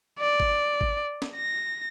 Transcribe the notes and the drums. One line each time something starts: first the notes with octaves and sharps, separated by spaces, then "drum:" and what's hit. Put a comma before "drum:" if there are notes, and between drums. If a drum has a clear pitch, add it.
D5
drum: kick G#1
drum: kick G#1
drum: snare
A#6